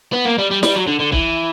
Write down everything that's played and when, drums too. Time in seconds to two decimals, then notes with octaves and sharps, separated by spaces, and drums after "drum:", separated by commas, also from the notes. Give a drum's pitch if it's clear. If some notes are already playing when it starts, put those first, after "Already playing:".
0.13 B3
0.25 A#3
0.38 G3
0.51 G3
0.63 G3, drum: snare
0.75 F#3
0.87 D3
1.00 D3
1.12 E3, drum: kick